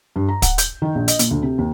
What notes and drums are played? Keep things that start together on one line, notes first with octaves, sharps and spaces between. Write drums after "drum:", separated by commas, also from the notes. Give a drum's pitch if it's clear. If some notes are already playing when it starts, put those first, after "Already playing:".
G2
A#5
F#5, drum: kick, hi-hat
G6, drum: hi-hat
D#3
A#1
D#5, drum: hi-hat
A#2, drum: hi-hat
D2
C3
D#2